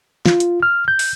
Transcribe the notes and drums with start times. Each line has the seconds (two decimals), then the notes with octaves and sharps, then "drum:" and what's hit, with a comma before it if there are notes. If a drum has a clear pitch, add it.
0.26 F4, drum: snare
0.40 drum: hi-hat
0.63 F6
0.88 G6
0.99 drum: open hi-hat